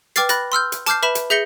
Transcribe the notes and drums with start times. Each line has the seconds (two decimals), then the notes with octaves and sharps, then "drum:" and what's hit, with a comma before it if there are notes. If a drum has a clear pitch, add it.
0.16 B4 G5 D6 F6 A6 C7, drum: hi-hat
0.29 B5 F#6 A6 A#6, drum: hi-hat
0.52 C6 E6 F6 G6
0.72 drum: hi-hat
0.86 A5 D6 F6 G6 C7, drum: hi-hat
1.03 B4 E5 B5 E7
1.15 drum: hi-hat
1.30 G#4 E5 G6 A#6 C#7 G7